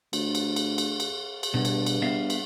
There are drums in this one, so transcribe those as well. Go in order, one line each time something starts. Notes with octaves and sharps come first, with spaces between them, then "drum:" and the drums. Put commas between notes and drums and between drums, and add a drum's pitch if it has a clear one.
D2, drum: cymbal
drum: cymbal
drum: cymbal
drum: cymbal
drum: cymbal
drum: cymbal
G2 B2
drum: cymbal
drum: cymbal
B3 E5 F5
drum: cymbal